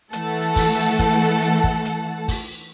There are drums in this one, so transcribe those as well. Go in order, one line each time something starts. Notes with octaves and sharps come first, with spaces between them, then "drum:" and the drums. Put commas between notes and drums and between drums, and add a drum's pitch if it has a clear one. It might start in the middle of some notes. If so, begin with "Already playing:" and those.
E3 A3 A4 F#5 A5, drum: hi-hat
drum: kick, open hi-hat
drum: kick, hi-hat
drum: hi-hat
drum: kick
drum: hi-hat
drum: kick, open hi-hat